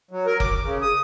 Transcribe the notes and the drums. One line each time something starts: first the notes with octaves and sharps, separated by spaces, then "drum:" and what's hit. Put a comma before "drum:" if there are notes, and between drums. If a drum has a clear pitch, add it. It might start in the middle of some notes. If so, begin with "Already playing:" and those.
F#3
A#4
D6, drum: kick F#1
C#3
D#6